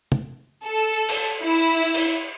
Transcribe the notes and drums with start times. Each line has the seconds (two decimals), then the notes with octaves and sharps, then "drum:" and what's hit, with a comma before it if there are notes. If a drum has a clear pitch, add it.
0.12 drum: tom
0.64 A4
1.09 drum: cymbal
1.43 E4
1.94 drum: cymbal